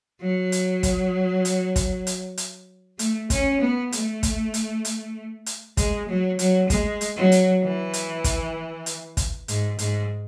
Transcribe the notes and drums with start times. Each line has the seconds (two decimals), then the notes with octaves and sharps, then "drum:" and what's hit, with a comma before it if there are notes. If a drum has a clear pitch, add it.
0.21 F#3
0.52 drum: hi-hat
0.83 drum: kick, hi-hat
1.45 drum: hi-hat
1.76 drum: kick, hi-hat
2.07 drum: hi-hat
2.37 drum: hi-hat
2.99 A3, drum: hi-hat
3.30 C#4, drum: kick, hi-hat
3.61 B3
3.92 A3, drum: hi-hat
4.23 drum: kick, hi-hat
4.54 drum: hi-hat
4.85 drum: hi-hat
5.46 drum: hi-hat
5.77 G#3, drum: kick, hi-hat
6.09 F#3
6.39 F#3, drum: hi-hat
6.70 G#3, drum: kick, hi-hat
7.01 drum: hi-hat
7.16 F#3
7.32 drum: hi-hat
7.63 E3
7.93 drum: hi-hat
8.24 drum: kick, hi-hat
8.86 drum: hi-hat
9.17 drum: kick, hi-hat
9.48 G#2, drum: hi-hat
9.79 G#2, drum: hi-hat